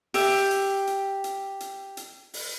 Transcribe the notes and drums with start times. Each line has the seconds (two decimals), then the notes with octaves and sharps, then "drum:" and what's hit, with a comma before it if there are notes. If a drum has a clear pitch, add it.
0.14 G4 E5, drum: open hi-hat
0.51 drum: hi-hat
0.87 drum: hi-hat
1.24 drum: hi-hat
1.60 drum: hi-hat
1.97 drum: hi-hat
2.34 drum: open hi-hat